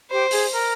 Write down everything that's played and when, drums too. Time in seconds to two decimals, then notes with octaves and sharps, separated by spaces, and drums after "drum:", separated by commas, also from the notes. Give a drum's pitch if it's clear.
0.11 G4 C5
0.31 G#4, drum: open hi-hat
0.52 A#4